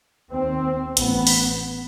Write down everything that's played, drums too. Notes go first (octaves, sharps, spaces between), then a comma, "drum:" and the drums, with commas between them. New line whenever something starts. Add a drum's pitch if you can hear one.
D#2 C4
A1 A2 B3, drum: hi-hat
drum: open hi-hat